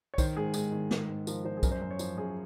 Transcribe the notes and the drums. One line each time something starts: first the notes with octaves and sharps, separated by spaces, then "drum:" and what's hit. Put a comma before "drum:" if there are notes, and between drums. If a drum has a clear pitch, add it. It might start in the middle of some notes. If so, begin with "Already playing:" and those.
C#5
D#3 C5, drum: kick B1, tambourine
G#2 G#4
G#2 G#4, drum: tambourine
D#3
G#2, drum: snare
G#2
F3 A#4, drum: tambourine
F3 C5
G#4
F#2 A#4, drum: kick B1, tambourine
C5
F#2 C5
C#5
F3 C5, drum: tambourine
F#2 G#4